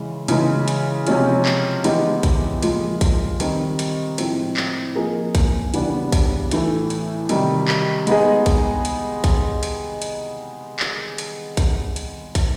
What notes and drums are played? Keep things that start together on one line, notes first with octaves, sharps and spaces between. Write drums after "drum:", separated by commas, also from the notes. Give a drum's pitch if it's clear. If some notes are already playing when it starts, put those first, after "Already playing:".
Already playing: C#3 E3 G#3
C#3 E3 G#3, drum: hi-hat
drum: hi-hat
C3 F3 G#3 C#4 F4, drum: hi-hat
drum: clap
E3 G#3 B3 D#4 G4, drum: hi-hat
drum: kick, hi-hat
A#2 F3 G#3, drum: hi-hat
drum: kick, hi-hat
D#3 G3 C4, drum: hi-hat
drum: hi-hat
A2 F3 G#3 C4, drum: hi-hat
drum: clap
F3 A#3 D#4 G#4
drum: kick, hi-hat
C#3 E3 G3 B3 D4, drum: hi-hat
drum: kick, hi-hat
A2 E3 A3, drum: hi-hat
drum: hi-hat
C3 D#3 G3, drum: hi-hat
drum: clap
G#3 B3 D#4 G#4, drum: hi-hat
drum: kick, hi-hat
drum: hi-hat
drum: kick, hi-hat
drum: hi-hat
drum: hi-hat
drum: clap
drum: hi-hat
drum: kick, hi-hat
drum: hi-hat
drum: kick, hi-hat